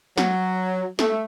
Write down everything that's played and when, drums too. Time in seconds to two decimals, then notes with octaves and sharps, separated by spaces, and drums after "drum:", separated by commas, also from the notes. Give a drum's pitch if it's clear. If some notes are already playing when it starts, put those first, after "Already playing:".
0.18 F#3, drum: snare
0.99 A3, drum: snare